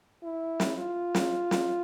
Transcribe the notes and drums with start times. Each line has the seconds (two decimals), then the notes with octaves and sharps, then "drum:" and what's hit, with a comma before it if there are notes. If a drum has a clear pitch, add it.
0.23 E4
0.60 drum: snare
0.78 F4
1.15 drum: snare
1.51 drum: snare